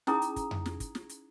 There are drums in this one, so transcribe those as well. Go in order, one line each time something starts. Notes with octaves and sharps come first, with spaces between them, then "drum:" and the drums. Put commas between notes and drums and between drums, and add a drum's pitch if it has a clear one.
C#4 D#4 E4 G#4 A#5 D#6, drum: snare
drum: hi-hat
drum: kick, hi-hat
drum: tom F2
drum: snare
drum: kick, hi-hat
drum: snare
drum: hi-hat